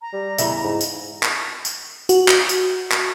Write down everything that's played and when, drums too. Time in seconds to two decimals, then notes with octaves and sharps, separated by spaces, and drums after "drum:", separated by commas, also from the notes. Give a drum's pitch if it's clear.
0.02 A#5
0.13 G3
0.38 E2 C#3 E5, drum: tambourine
0.64 G#2
0.81 drum: tambourine
1.23 drum: clap
1.65 drum: tambourine
2.09 F#4, drum: tambourine
2.28 drum: clap
2.49 drum: tambourine
2.91 drum: clap